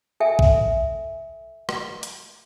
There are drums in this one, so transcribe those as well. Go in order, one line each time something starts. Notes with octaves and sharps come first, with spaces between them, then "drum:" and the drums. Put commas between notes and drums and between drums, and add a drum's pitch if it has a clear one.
A4 E5 G5 G#5
drum: kick A1
drum: rim click
drum: hi-hat